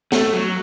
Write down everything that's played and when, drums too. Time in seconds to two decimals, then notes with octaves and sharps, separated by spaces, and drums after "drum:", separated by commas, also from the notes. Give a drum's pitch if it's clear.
0.12 A3, drum: snare
0.33 F#3